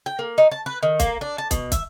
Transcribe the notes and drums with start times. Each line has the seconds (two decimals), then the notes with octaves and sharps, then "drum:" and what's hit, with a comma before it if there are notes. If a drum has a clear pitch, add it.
0.06 G5
0.19 A#3
0.38 D#4
0.52 A5
0.66 B4
0.83 D#3
1.00 A#3, drum: kick, hi-hat
1.21 D4
1.38 A5
1.51 B2, drum: kick, hi-hat
1.72 E5, drum: kick, hi-hat